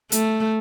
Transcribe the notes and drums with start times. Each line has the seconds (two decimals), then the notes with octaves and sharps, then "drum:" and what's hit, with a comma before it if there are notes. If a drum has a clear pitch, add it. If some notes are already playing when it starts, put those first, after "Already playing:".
0.12 A3, drum: hi-hat